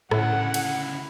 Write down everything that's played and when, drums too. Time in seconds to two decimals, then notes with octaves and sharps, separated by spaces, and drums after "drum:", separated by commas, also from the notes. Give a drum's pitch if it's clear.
0.11 D2 A2 C#3 E4 F#5, drum: rim click
0.54 drum: cymbal